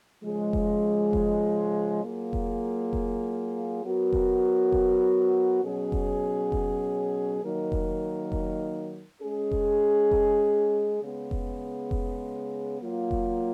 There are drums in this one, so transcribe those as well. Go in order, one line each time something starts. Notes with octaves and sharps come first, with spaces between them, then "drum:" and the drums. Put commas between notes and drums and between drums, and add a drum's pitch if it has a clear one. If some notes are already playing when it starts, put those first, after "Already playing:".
C#3 F3 G#3
drum: kick F1
drum: kick F1
F#3 A#3 F4 G#4
drum: kick F1
drum: kick F1
F#3 B3 F#4 A#4
drum: kick F1
drum: kick F1
B2 F#3 C#4 G#4
drum: kick F1
drum: kick F1
D#3 F#3 A#3 D#4 A#4
drum: kick F1
drum: kick F1
G#3 C#4 G#4
drum: kick F1
drum: kick F1
C#3 G#3 B3
drum: kick F1
drum: kick F1
F#3 A#3 F4
drum: kick F1